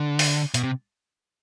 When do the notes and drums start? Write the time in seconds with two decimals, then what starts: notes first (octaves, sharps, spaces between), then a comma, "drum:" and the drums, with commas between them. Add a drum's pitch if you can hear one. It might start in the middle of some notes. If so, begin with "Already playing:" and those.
Already playing: D3
0.19 drum: open hi-hat
0.54 B2, drum: hi-hat
0.63 C3